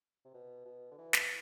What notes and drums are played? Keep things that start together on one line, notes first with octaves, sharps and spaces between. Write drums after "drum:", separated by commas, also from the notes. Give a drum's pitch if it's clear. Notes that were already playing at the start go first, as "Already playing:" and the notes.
C3
B2
B2
D3
E3
drum: snare